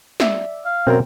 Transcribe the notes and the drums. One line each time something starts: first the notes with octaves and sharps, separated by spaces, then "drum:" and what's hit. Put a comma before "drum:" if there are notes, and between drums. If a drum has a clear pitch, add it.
D5 E5, drum: snare
F5
F#2 B2 C4 A#4